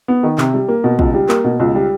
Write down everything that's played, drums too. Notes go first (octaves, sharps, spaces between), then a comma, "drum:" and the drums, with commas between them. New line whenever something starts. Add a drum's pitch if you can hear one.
B3
D#3
C3, drum: clap
G3
A#3
B2
C#2, drum: kick
G3
A#3, drum: clap
B2
C#2
G3